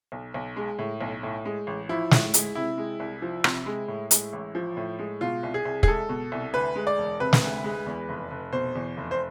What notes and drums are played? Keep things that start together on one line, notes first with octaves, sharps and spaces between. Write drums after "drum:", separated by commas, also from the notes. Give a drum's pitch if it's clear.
B1
B1
G#3
A2
B1
A2
G#3
A1
F3 E4
A2, drum: snare
G#3, drum: hi-hat
C3 E4
G#3
C2
F3
C3, drum: rim click
G#3
A2
G#3, drum: hi-hat
A1
F3
A2
G#3
B2 F4
C2
G#4
C2
G#4, drum: kick
G#3 A4
B2
C2
D2 B4
G#3
D5
E1
C3 B4
drum: snare
D2
G#3
E2
F1
F1
B2 C5
E2
F1
C5